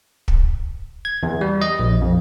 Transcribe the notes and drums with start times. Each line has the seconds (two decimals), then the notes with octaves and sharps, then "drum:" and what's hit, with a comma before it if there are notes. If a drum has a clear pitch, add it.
0.28 drum: kick
1.05 G#6
1.23 E2
1.41 G3
1.62 D#5
1.79 A#1
2.01 F2